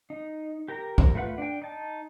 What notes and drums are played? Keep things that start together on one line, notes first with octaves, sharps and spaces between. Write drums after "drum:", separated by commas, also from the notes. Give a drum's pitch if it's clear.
D#4
G4 A#4 A#5
drum: kick
A3 F4 B4 F#5
D4 G5
D#4 A5